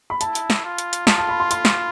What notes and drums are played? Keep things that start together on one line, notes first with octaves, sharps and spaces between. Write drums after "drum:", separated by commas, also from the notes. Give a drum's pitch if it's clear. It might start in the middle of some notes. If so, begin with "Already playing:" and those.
B5
E4 A5, drum: hi-hat
drum: hi-hat
drum: snare
F4
drum: hi-hat
drum: hi-hat
F4 A5, drum: snare
A5
B5
C6
C6, drum: hi-hat
drum: snare